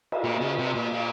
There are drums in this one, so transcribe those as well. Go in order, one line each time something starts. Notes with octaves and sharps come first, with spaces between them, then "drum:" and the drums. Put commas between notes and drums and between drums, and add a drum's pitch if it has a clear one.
drum: cymbal
A#2
C#3
C3
A#2
A#2